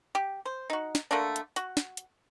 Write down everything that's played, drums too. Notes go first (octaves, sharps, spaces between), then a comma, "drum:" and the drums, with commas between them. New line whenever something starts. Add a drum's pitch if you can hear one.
G4
C5
D#4 F#4
drum: snare
D3 A3 A#3 D4
drum: hi-hat
F#4, drum: hi-hat
drum: snare
drum: hi-hat